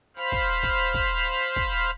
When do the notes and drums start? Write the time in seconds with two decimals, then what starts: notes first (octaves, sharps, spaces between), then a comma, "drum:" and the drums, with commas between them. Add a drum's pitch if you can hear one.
0.16 C5 F5 B5 F6, drum: hi-hat
0.32 drum: kick, hi-hat
0.48 drum: hi-hat
0.63 drum: kick, hi-hat
0.94 drum: kick, hi-hat
1.25 drum: hi-hat
1.41 drum: hi-hat
1.56 drum: kick, hi-hat
1.72 drum: hi-hat